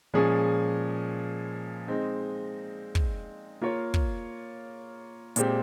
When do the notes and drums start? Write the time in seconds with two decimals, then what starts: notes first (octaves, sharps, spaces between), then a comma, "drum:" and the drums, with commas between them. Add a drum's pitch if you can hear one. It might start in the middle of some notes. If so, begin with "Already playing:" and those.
0.14 A#2 F3 G#3 C#4 G#4
1.87 G#3 C4 D#4
2.95 drum: kick
3.61 A#3 F4 A#4 C#5
3.94 drum: kick
5.36 A#2 G#3 C4 G4, drum: hi-hat